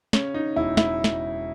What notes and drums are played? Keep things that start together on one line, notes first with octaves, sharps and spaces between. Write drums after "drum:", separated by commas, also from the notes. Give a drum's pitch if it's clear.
C#3 C#4, drum: snare
D#4
E1 E4
E4, drum: snare
drum: snare